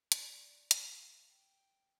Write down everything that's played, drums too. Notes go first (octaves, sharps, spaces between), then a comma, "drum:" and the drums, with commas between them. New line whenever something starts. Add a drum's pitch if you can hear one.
D5, drum: hi-hat
F5, drum: hi-hat
G5